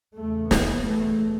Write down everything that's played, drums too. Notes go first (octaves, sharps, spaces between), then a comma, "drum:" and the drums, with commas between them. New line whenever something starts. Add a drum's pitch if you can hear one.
E2 C#3 A3
B3, drum: snare
E2 B2 A3